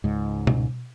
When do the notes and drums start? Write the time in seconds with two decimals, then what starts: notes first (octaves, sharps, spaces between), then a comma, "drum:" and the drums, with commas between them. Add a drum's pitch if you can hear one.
0.04 C#2 G#2
0.47 drum: tom B2